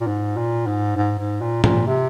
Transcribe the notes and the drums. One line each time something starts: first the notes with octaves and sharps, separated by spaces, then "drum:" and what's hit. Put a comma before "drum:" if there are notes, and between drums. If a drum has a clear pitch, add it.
A#2
G#2
A#2
G#2
G#2
G#2
A#2
A#2, drum: tom G#2
C3